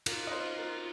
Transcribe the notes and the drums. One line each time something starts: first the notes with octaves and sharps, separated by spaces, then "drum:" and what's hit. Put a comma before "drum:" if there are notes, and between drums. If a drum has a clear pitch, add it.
F4 A#4, drum: cymbal
D#5
C5
A#4